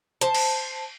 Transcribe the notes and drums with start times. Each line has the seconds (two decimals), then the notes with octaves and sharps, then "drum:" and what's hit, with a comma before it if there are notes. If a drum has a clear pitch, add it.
0.21 C5 A5, drum: hi-hat
0.35 drum: cymbal